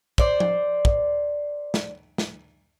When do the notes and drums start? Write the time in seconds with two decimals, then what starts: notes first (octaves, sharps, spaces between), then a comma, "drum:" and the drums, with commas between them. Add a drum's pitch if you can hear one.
0.18 C5 D5, drum: kick
0.40 drum: tom F3
0.85 drum: kick
1.74 drum: snare
2.18 drum: snare